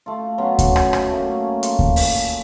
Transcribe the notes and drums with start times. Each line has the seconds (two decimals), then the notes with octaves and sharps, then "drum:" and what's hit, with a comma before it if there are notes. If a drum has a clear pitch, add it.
0.06 A3 F4
0.38 F#3 B3 C#4 F4
0.59 drum: kick D2, hi-hat
0.76 drum: rim click
0.93 drum: rim click
1.10 A3 A#3 C#4
1.63 F4, drum: hi-hat
1.79 drum: kick D2
1.96 drum: open hi-hat